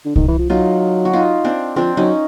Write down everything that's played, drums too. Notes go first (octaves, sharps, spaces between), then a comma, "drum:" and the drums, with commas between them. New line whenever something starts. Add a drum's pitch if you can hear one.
D3
D#3, drum: kick C2
E3
F3
F#3 D#4 F4
F#4
D#4 F4
C4 D4
F3 C4 D4
F#3 C#4 D#4